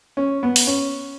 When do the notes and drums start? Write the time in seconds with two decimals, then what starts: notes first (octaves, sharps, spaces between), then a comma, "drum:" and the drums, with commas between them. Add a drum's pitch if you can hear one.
0.17 C#4
0.43 B3
0.56 drum: open hi-hat
0.67 C#4